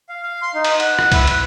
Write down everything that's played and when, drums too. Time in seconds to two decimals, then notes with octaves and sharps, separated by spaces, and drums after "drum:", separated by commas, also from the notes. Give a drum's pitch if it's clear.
0.09 F5
0.23 F5
0.42 C6
0.54 D#4
0.64 drum: cymbal
0.80 F#5, drum: cymbal
0.99 F#5, drum: rim click
1.12 E4, drum: kick, cymbal
1.27 B4, drum: cymbal